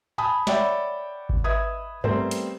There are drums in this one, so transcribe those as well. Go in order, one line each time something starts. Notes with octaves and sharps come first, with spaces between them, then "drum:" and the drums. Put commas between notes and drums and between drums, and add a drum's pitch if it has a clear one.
G#5 A5 B5 D#6
C#5 D5 E5 F#5 G5 B5, drum: snare
drum: kick G#1
B4 D#5 E5 D#6 G#6
G3 A3 B3 C4 A#4 C5, drum: tom G2
drum: hi-hat